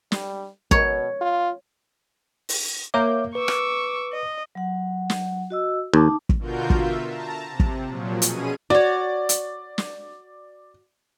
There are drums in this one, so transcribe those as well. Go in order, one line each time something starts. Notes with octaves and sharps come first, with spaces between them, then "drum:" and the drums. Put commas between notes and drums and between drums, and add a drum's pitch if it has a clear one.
G3, drum: snare
B2 C#5, drum: kick
F4
drum: open hi-hat
A#3 C#5 E5 D6 G6
B4 C#6 D6 E6
drum: rim click
D#5
F#3 F#5
drum: snare
F#4 D#5 E6
D#2 D#4 A5 D6
drum: kick
B2 D3 F4 F#4 A#4 G6
F4 E5, drum: kick
A5 A#5
C3
drum: kick
A#2 F3 F#3
B2 C#4 G#4 D#7, drum: hi-hat
F#4 C#5 D5
drum: hi-hat
drum: snare